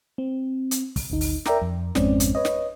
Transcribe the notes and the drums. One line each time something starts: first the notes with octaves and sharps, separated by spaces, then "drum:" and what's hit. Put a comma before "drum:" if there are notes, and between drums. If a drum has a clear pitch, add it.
C4
drum: hi-hat
drum: kick, open hi-hat
G#1 D2 D#4
drum: open hi-hat
A#4 D5 E5 G5 A#5 D6, drum: snare
F2
G#1 F2 G#2 C4 C#4 D5, drum: snare
drum: hi-hat
B4 C#5 D#5
drum: snare